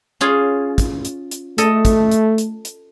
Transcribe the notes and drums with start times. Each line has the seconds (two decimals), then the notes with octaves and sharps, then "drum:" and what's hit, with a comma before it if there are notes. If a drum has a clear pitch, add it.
0.21 C#4 F4 G#4
0.78 drum: kick, hi-hat
1.05 drum: hi-hat
1.31 drum: hi-hat
1.58 A3 A4 D#5, drum: hi-hat
1.85 drum: kick, hi-hat
2.12 drum: hi-hat
2.38 drum: hi-hat
2.65 drum: hi-hat